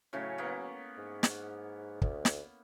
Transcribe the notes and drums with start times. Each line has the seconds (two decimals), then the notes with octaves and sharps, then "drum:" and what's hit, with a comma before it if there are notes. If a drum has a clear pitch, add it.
0.13 A2 C#3 F#3 C#4
0.38 A#3 B3
0.97 G#2
1.23 drum: snare
2.02 D2, drum: kick
2.25 drum: snare